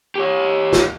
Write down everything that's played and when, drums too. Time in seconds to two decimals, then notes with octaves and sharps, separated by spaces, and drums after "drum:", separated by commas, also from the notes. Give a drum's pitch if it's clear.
0.15 G4 C#5
0.73 drum: snare